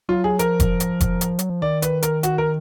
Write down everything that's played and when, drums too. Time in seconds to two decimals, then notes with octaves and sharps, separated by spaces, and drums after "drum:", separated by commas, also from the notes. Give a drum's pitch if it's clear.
0.09 F#3 F4
0.24 G#4
0.39 F3 A#4, drum: hi-hat
0.60 drum: kick F1, hi-hat
0.80 drum: hi-hat
1.00 drum: kick F1, hi-hat
1.21 drum: hi-hat
1.39 F#3, drum: hi-hat
1.50 F3
1.62 D#3 D5
1.82 B4, drum: hi-hat
2.03 A#4, drum: hi-hat
2.23 F#4, drum: hi-hat
2.38 A#4